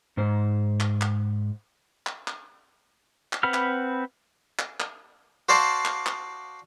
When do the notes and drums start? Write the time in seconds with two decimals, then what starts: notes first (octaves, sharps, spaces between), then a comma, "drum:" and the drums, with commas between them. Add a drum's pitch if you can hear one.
0.17 G#2 C5
0.80 drum: clap
1.01 drum: clap
2.07 drum: clap
2.28 drum: clap
3.33 drum: clap
3.43 C4 B4 F#5 B5 F6
3.54 drum: clap
4.59 drum: clap
4.80 drum: clap
5.49 F#4 C5 D5 F5 A5
5.85 drum: clap
6.06 drum: clap